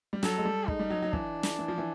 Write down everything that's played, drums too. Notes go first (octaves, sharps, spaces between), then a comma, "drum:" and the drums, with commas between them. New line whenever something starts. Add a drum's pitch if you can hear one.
G3
F#3 A4, drum: snare
G#3
G3
G#3 D#4, drum: kick
G3
F#3
F#3
E3 D4, drum: kick
drum: snare
E3
F3
E3